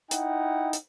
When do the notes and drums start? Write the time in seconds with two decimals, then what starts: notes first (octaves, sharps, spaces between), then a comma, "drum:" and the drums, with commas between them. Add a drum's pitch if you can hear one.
0.11 D#4 E4 F#5 G5, drum: hi-hat
0.73 drum: hi-hat